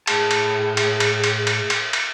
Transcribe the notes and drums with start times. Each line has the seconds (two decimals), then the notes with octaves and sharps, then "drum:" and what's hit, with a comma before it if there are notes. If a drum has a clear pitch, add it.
0.07 A2 G#4 A5, drum: cymbal
0.31 drum: cymbal
0.77 drum: cymbal
1.00 drum: cymbal
1.24 drum: cymbal
1.47 drum: cymbal
1.70 drum: cymbal
1.93 drum: cymbal